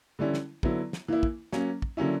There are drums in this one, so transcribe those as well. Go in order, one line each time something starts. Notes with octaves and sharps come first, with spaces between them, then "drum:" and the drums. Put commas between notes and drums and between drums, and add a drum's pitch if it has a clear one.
D3 G3 C#4 E4
drum: snare
D3 F#3 B3 E4, drum: kick
drum: snare
E3 A#3 E4
drum: kick
F#3 A#3 C#4, drum: snare
drum: kick
D3 F#3 A#3 C#4 E4